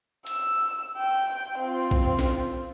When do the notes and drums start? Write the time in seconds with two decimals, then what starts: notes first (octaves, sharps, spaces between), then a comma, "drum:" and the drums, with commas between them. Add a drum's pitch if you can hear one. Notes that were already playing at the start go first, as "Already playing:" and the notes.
0.26 E6, drum: hi-hat
0.97 G5
1.59 C4 F4
1.91 drum: kick A#1
2.19 drum: snare